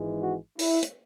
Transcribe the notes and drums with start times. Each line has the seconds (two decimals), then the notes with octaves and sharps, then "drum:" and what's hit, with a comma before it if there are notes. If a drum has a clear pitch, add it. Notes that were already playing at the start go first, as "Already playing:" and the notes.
Already playing: G#1 G#2 E3 G#3
0.22 F#4
0.59 E4, drum: open hi-hat
0.83 drum: hi-hat